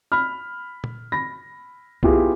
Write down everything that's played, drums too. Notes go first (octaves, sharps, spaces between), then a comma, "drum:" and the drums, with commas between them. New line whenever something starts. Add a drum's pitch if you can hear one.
B5 F6
drum: tom A#2
B5 A#6
B3 E4 F4 G4 G#4, drum: kick B1